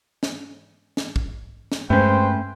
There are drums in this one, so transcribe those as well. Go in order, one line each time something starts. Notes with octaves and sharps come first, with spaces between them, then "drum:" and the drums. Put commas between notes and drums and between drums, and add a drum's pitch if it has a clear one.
drum: snare
drum: snare
drum: kick
drum: snare
G2 G#3 A3 C4 C#4 B4 C5 G5